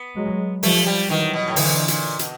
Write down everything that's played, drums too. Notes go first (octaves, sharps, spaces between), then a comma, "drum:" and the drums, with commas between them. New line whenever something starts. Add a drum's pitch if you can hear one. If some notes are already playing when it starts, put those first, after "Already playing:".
Already playing: B3
F#3 G#3
F3 G3 A3, drum: open hi-hat
G3
D#3 E3 F#3
B2
A2
A#2 D3 E3, drum: open hi-hat
A#2, drum: hi-hat
B2, drum: hi-hat